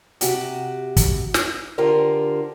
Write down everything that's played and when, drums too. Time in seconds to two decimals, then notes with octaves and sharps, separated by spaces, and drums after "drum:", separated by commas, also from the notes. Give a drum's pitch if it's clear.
0.21 C3 F#4 G4, drum: hi-hat
0.96 drum: kick, hi-hat
1.34 drum: snare
1.78 D3 F4 G4 A#4 C5